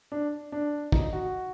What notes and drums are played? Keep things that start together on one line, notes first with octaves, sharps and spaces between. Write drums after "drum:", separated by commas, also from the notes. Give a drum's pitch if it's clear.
D4
D4
D#4, drum: kick
F#4